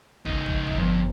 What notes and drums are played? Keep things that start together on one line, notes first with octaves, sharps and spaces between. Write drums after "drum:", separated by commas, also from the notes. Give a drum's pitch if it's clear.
C#2 D#4, drum: kick
drum: kick
drum: kick
G1 F2